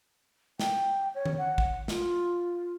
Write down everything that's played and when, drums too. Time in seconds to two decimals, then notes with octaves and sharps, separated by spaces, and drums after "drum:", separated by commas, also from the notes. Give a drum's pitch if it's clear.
0.60 G5, drum: snare
1.15 C#5
1.26 drum: tom D#3
1.38 F#5
1.58 drum: kick
1.88 F4, drum: snare